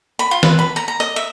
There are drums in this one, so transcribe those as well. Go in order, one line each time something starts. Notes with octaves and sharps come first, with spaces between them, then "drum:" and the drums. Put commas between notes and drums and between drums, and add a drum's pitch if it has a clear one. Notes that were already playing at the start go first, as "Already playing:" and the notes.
B5
F4
B4, drum: snare
B5
A#5
A#5
D#5
E5